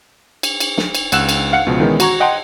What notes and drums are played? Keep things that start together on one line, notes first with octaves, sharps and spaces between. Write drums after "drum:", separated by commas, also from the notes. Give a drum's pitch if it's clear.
drum: cymbal
drum: cymbal
drum: snare
drum: cymbal
C#2 F#5 E6 F#6 E7, drum: cymbal
drum: cymbal
F5 F#5 F#6 C#7
C#2 B2 F3
D#3 E3 G#3 B3 C#4 D#4
F#4 A#5 C#6 G#6, drum: cymbal
D#5 F#5 G5 A5 C6